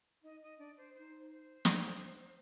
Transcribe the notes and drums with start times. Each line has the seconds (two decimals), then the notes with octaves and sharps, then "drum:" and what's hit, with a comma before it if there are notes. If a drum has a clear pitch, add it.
0.24 D#4 D#5
0.42 D#5
0.59 D4 D5
0.77 C5
0.95 D#4 C5
1.30 C5
1.65 drum: snare